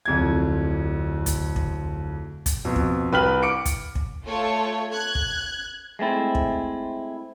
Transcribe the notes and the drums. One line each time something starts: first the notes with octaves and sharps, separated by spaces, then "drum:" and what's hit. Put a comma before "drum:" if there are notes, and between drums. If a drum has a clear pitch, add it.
D1 F2 G#6
drum: kick, hi-hat
drum: kick
drum: kick, hi-hat
F2 B2
drum: kick
C2 B4 G5 F6 B6 F#7
D6 C#7 D7
drum: kick, hi-hat
drum: kick
A3 F4 A4 C#5
F#6 G#6
drum: kick
G#3 A3 C4 E4
drum: kick